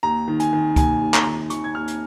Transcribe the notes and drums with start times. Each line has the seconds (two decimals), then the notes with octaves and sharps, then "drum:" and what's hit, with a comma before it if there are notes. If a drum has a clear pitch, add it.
0.03 D#2 A#5
0.28 D#3
0.40 G#5, drum: hi-hat
0.53 D#3
0.76 D#2 G#5, drum: kick C#2, hi-hat
1.01 D#2
1.14 A#5, drum: clap
1.26 D#3
1.50 D#3 C#6, drum: hi-hat
1.64 G#6
1.75 D#2 F6
1.88 drum: hi-hat